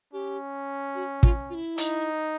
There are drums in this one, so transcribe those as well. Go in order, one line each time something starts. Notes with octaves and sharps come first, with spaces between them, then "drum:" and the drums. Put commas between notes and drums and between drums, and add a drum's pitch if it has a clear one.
C#4 G4
F#4
F4, drum: kick
F4
E4
D#4, drum: hi-hat